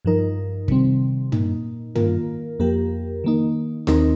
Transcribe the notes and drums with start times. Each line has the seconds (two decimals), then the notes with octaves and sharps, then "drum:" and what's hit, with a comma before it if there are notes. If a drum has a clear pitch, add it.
0.05 G2 F3 D#4 A#4
0.68 C3 D#3 G3 C4, drum: kick
1.32 A#2 A#3 D#4, drum: tom
1.95 D#3 A#3 F4 A#4, drum: tom
2.59 F2 F3 A#3 G4 A#4
3.24 D#3 A#3 D#4
3.87 D#2 D#3 C4 D#4 A#4, drum: snare